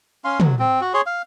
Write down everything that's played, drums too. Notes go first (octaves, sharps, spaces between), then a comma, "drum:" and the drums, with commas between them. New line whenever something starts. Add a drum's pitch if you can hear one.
C#4 F5 C6
F#3, drum: tom
C4
F#4
G#4 C#5 C6
F5